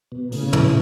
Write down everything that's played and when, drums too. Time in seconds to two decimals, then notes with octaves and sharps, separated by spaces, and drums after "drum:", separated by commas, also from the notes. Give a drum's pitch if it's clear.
0.12 B2
0.32 A2 C#3, drum: open hi-hat
0.53 E3, drum: tom